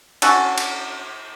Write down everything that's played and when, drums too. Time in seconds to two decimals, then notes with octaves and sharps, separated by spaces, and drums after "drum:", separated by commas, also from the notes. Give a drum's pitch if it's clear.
0.22 D3 C#4 F#4 A4, drum: cymbal
0.58 drum: cymbal